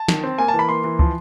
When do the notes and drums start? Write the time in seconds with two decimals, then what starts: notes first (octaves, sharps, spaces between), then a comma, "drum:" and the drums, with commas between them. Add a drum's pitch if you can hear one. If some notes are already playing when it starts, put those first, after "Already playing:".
Already playing: A5
0.08 D#3, drum: snare
0.23 C4
0.38 A#3 G#5
0.48 A5
0.54 E3
0.59 B5
0.69 A#3 C6
0.84 E3
0.99 F3, drum: kick